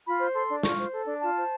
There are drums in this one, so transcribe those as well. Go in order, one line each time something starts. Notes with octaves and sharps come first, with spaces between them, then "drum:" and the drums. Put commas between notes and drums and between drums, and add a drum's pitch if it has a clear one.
F4 B5
C5
A4 C6
D4
F4 C#6, drum: snare
C5
A4
D4
F4 A5
C5